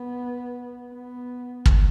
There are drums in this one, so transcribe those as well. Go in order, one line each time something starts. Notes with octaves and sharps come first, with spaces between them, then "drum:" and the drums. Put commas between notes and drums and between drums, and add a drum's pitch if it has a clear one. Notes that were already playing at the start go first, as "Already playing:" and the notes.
Already playing: B3
B3
drum: kick